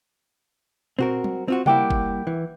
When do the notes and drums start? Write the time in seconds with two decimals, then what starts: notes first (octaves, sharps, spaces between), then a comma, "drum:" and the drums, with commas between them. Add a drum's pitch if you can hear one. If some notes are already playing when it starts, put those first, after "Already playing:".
0.99 C4 F#4 A#4, drum: tom A#2
1.24 drum: tom F#3
1.48 C4 F4 F#4
1.66 G3 A#3 E4 F#5 G5 D6, drum: tom C3
1.90 drum: kick F#1
2.27 E3